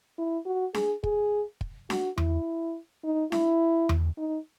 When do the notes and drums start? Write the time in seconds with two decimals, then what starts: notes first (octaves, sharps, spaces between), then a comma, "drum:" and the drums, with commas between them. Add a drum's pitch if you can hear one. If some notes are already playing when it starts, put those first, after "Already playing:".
0.19 E4
0.46 F#4
0.74 G#4, drum: snare D4
1.04 G#4, drum: kick
1.61 drum: kick
1.90 F#4, drum: snare D4
2.18 E4, drum: tom E2
3.04 D#4
3.32 E4, drum: snare D4
3.89 drum: tom E2
4.18 D#4